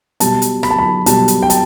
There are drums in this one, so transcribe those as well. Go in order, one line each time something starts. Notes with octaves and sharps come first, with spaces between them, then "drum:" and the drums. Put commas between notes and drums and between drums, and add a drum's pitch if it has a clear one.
B2 G3 A5, drum: hi-hat
drum: hi-hat
B5, drum: rim click
A5
B5
B2 G3 A5, drum: hi-hat
drum: hi-hat
G5
A5, drum: hi-hat